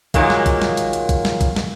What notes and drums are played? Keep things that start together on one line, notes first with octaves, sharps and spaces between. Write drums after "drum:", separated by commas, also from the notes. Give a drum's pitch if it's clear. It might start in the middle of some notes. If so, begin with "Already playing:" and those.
A#2 D#3 F#3 G#3 A#3, drum: kick, hi-hat
drum: snare
drum: kick, hi-hat
drum: snare
drum: hi-hat
drum: hi-hat
drum: kick, hi-hat
drum: snare
drum: kick, hi-hat
drum: snare